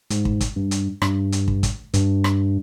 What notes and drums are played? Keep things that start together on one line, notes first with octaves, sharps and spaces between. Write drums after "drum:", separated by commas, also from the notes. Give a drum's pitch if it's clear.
G#2, drum: hi-hat
drum: kick
drum: kick, hi-hat
G2
drum: hi-hat
G2, drum: rim click
drum: hi-hat
drum: kick
drum: kick, hi-hat
G2, drum: hi-hat
drum: rim click